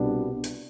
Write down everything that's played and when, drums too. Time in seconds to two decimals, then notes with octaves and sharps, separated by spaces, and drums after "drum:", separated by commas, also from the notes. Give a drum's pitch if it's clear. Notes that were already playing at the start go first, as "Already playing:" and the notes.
Already playing: C2 B2 G3 B3 D4
0.44 drum: hi-hat